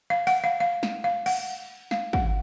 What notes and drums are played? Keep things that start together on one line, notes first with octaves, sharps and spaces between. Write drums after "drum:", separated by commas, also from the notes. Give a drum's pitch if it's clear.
F5
F#5, drum: open hi-hat
F5
F5
drum: snare
F5
F#5, drum: cymbal
F5, drum: snare
F#5, drum: kick